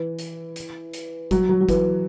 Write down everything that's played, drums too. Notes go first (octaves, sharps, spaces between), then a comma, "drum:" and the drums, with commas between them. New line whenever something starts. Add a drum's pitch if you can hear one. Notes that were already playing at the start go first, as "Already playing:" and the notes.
Already playing: E3
drum: hi-hat
drum: hi-hat
drum: hi-hat
F#3, drum: kick G1, hi-hat
F#3
F#3
E3, drum: kick G1, hi-hat